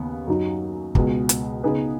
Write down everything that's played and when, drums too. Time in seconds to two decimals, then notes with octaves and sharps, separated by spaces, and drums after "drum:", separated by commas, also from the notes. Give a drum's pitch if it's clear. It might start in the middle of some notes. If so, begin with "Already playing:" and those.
Already playing: D#2 C#3 B3
0.27 F#2 F#3 D#4
0.95 C#2 B2 B3 G#4, drum: kick
1.29 drum: hi-hat
1.63 C#3 B3 D#4 G#4 B4